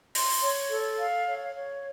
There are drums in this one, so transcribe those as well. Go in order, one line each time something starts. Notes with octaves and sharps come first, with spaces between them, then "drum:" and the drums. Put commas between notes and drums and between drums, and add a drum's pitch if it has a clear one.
C6, drum: open hi-hat
C#5
A4
F5
C#5
C#5